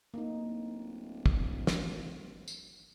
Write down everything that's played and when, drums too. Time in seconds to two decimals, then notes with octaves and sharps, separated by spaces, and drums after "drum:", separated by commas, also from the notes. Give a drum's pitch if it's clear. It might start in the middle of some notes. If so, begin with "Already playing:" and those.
0.14 D1 A#3 D#4
1.26 drum: kick
1.67 drum: snare
2.48 drum: tambourine